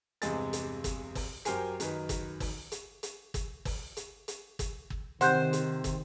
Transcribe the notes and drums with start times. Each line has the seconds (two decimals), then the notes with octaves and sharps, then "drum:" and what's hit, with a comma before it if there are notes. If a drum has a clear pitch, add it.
0.22 E2 G2 C3 G#3 G#5 A6, drum: hi-hat
0.53 drum: hi-hat
0.84 drum: kick, hi-hat
1.15 drum: kick, open hi-hat
1.45 F#2 G4 A#4 C5 G#5 C7, drum: hi-hat
1.80 F#2 D#3 D#4 B4, drum: hi-hat
2.09 drum: kick, hi-hat
2.40 drum: kick, open hi-hat
2.72 drum: hi-hat
3.03 drum: hi-hat
3.34 drum: kick, hi-hat
3.65 drum: kick, open hi-hat
3.97 drum: hi-hat
4.28 drum: hi-hat
4.59 drum: kick, hi-hat
4.90 drum: kick
5.21 C3 D#3 C5 F#5 F#6 G6, drum: hi-hat
5.53 drum: hi-hat
5.84 drum: kick, hi-hat